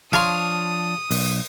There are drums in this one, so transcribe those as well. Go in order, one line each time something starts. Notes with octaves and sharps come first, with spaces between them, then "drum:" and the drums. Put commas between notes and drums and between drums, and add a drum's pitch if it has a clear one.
F3 D4 C#5 F5 C6 D#6
B1, drum: open hi-hat